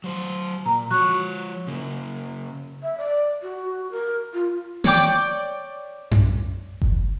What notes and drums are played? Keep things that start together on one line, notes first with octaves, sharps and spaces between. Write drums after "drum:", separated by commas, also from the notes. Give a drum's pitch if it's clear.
F#3 C5
A#2 A#5
F3 F#4 C#5 C#6 F#6
C#3 A#3
E5
D5
F#4
A#4
F4
C#5 D5 G5 D6, drum: snare
drum: tom F#2
drum: kick F#1